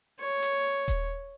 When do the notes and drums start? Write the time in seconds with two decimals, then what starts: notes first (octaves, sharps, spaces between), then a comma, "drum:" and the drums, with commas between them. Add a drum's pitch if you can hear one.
0.20 C#5
0.42 drum: hi-hat
0.88 drum: kick D#1, hi-hat